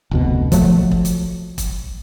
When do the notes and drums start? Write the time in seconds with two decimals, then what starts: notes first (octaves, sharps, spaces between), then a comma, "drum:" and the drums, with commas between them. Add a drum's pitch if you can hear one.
0.11 F1 D2 B2
0.52 F3 F#3 A3, drum: kick E1, hi-hat
0.91 drum: kick E1
1.05 drum: hi-hat
1.58 drum: kick E1, hi-hat